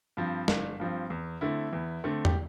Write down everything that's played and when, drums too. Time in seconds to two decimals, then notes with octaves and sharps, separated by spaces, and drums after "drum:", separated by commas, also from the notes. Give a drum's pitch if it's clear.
0.17 G2 F3 C4
0.48 G1, drum: snare
0.80 G2 F3 C4
1.10 E2
1.41 D3 A3 C4 E4
1.73 E2
2.04 D3 A3 C4
2.25 G4, drum: tom E2